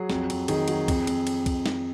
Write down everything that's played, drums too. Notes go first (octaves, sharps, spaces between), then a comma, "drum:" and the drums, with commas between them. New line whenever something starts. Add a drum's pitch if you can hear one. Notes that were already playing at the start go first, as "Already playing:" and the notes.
Already playing: F#3 G#4
F2, drum: snare
F2, drum: cymbal
D#3 G#4, drum: cymbal
F#3, drum: cymbal
F2, drum: kick, cymbal
F2, drum: cymbal
drum: cymbal
drum: kick, cymbal
drum: snare